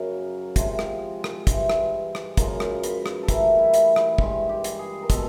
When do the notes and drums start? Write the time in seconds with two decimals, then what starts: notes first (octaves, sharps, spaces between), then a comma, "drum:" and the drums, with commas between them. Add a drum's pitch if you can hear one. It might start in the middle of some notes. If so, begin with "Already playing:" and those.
Already playing: F#2 C#3 F#3 A#4
0.56 C3 F3 G#3, drum: kick, hi-hat
0.79 drum: rim click
1.24 drum: rim click
1.47 G2 E3 G#3, drum: kick, hi-hat
1.70 drum: rim click
2.15 drum: rim click
2.37 F#2 C#3 F3 G#3 A#4, drum: kick, hi-hat
2.60 drum: rim click
2.84 B4, drum: hi-hat
3.06 drum: rim click
3.23 A4
3.28 A2 E3 G3 A#4, drum: kick, hi-hat
3.59 E4
3.74 drum: hi-hat
3.96 drum: rim click
4.18 G2 E3 G#3, drum: kick
4.49 G4
4.64 drum: hi-hat
4.79 G#4
5.02 A#4
5.10 B2 G#3 A4, drum: kick, hi-hat